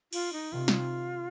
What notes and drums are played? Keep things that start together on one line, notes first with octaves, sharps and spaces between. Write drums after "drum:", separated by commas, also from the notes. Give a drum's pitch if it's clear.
F4, drum: cymbal
D#4
C3 D#3 F4
drum: snare